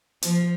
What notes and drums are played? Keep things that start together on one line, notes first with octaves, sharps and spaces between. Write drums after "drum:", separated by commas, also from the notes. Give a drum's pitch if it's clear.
F3, drum: hi-hat